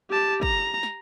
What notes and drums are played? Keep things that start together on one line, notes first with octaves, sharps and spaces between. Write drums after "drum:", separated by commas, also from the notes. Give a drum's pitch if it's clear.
G4 A5
A#5, drum: kick
drum: snare